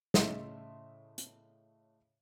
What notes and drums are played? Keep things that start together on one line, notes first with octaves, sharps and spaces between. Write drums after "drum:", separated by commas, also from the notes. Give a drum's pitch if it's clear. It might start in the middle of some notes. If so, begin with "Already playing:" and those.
A2 C#3 D#5 E5 C6, drum: snare
drum: hi-hat